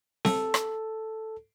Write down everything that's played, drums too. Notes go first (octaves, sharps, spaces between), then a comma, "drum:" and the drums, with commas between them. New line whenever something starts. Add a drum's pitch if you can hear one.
A4, drum: snare C4
drum: rim click